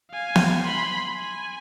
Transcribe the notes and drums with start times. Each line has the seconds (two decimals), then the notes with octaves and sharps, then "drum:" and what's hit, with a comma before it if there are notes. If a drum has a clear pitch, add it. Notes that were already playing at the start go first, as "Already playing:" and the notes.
0.12 F5 G#5
0.36 drum: snare B3
0.63 B5 C6
1.16 G#5